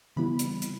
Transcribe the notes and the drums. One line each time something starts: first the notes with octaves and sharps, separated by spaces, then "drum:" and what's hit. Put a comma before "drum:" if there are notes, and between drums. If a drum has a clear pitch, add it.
C#3 E3 G3 B3 E4 B5
drum: hi-hat
drum: hi-hat